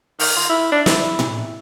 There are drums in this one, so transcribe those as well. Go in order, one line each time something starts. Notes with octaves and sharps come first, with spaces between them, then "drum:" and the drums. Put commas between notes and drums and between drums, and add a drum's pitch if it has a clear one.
D#3, drum: open hi-hat
F4
E4
D4
E4, drum: snare
drum: tom A2